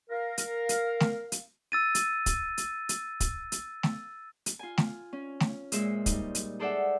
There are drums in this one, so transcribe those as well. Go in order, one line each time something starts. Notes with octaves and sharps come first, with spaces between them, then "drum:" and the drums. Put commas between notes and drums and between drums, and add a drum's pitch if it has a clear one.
A#4 F5
drum: hi-hat
drum: hi-hat
drum: snare A3
drum: hi-hat
E6 A6 D#7
drum: hi-hat
drum: kick, hi-hat
drum: hi-hat
drum: hi-hat
drum: kick, hi-hat
drum: hi-hat
drum: snare A3
drum: hi-hat
F4 G#5
drum: snare A3
C#4
drum: snare A3
A#2 G#3 C5 E5 E6, drum: hi-hat
G3 D#4, drum: kick, hi-hat
drum: hi-hat
G#4 A4 C5 D5 E5 F#5